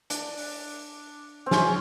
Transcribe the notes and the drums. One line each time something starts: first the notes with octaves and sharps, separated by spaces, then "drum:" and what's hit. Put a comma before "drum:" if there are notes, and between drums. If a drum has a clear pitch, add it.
D4, drum: hi-hat
drum: open hi-hat
C4
C#4, drum: snare